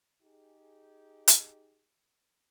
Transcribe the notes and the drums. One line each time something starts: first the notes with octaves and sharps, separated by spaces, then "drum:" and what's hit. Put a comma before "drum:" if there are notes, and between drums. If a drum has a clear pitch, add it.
D#4 G4 G#4
drum: hi-hat